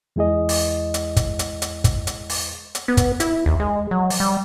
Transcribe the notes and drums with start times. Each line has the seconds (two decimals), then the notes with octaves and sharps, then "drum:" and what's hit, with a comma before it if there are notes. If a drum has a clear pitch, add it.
0.16 E2 G#3 E4 G#4 D#5
0.49 drum: open hi-hat
0.94 drum: hi-hat
1.17 drum: kick, hi-hat
1.39 drum: hi-hat
1.62 drum: hi-hat
1.84 drum: kick, hi-hat
2.07 drum: hi-hat
2.30 drum: open hi-hat
2.75 drum: hi-hat
2.88 B3
2.97 drum: kick, hi-hat
3.20 E4, drum: hi-hat
3.46 D#2
3.60 G#3
3.91 F#3
4.10 drum: open hi-hat
4.20 G3